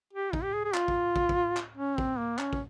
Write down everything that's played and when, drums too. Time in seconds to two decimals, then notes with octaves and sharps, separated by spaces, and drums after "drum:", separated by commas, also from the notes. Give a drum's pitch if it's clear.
0.13 G4
0.33 D#4, drum: kick
0.43 G4
0.54 G#4
0.65 G#4
0.74 F4, drum: clap
0.88 drum: kick
1.16 drum: kick
1.29 drum: kick
1.57 drum: clap
1.77 C#4
1.98 C4, drum: kick
2.18 A#3
2.39 C#4, drum: clap
2.53 drum: kick